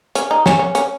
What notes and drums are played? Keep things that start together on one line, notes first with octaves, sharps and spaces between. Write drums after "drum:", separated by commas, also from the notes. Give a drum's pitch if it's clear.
C#4, drum: hi-hat
D#4
C#4, drum: snare
C#4
C#4, drum: hi-hat